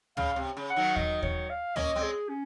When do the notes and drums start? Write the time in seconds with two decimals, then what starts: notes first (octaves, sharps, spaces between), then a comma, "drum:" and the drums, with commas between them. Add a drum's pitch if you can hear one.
0.17 C#3 F5, drum: tom
0.36 C3
0.57 C#3
0.70 F#5
0.76 D#3 F#3
0.96 D#5, drum: kick D#2
1.23 C#5, drum: kick D#2
1.50 F5
1.76 A#3 C#4 D#5, drum: tom
1.96 G#3 C4
2.03 G#4
2.29 C#4